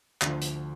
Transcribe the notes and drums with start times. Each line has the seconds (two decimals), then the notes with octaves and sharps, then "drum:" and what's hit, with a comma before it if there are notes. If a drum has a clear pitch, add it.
0.22 D2 D3 F3, drum: clap
0.42 drum: hi-hat